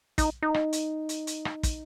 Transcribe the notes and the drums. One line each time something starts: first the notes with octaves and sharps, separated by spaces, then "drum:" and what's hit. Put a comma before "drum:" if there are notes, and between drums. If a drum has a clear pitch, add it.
D#4, drum: kick, hi-hat
D#4
drum: rim click
drum: hi-hat
drum: hi-hat
drum: hi-hat
drum: rim click
drum: kick, hi-hat